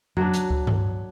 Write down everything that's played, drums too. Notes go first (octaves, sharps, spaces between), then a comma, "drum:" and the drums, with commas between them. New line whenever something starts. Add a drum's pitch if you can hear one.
F#3 D4, drum: tom F2
drum: hi-hat
drum: kick C#2
drum: tom G2